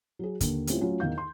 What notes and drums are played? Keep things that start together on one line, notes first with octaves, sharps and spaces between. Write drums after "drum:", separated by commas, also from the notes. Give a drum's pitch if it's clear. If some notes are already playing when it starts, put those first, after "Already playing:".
F#3 G#4
D#2 D3, drum: kick, hi-hat
G3 A3 C4 C#4 E4 F4, drum: hi-hat
F#3 A3 C#4 F4
E2 D#3 D#4 F5 G6
C6